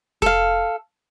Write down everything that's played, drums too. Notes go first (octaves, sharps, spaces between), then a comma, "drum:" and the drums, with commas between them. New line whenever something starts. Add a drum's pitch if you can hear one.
A4 F5, drum: kick F1